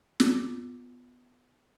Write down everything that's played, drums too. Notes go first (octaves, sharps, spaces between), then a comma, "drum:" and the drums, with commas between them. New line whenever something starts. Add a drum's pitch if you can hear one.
B3 F4 D6, drum: snare